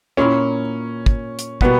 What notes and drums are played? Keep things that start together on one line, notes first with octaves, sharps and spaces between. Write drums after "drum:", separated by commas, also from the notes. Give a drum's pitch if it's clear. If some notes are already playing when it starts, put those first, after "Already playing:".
A#2 A#3 C#4 E4 A#4
drum: kick
drum: hi-hat
B2 G3 A#3 B3 E4, drum: kick